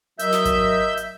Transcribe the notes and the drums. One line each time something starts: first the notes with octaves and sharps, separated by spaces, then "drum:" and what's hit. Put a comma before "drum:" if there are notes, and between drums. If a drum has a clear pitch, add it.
F#3 A#4 D#5 E5 E6 G6, drum: hi-hat
drum: snare
drum: kick G#1, hi-hat
drum: hi-hat